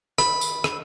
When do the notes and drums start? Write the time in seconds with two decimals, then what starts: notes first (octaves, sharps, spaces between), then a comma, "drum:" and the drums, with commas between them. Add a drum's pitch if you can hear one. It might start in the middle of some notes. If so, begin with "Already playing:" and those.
0.18 B5, drum: rim click
0.41 drum: tambourine
0.64 drum: rim click